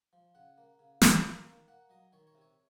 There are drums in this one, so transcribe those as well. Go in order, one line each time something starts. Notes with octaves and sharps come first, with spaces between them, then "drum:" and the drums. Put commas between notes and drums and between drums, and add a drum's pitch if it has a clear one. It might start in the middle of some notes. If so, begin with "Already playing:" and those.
F3
C#3 F#5
A#3
C#3
C#3, drum: snare
A#3 A#5
G#5
D#3
A#3 F#5
F#3 D#5
D#3 C#5
C#5
C3
C#5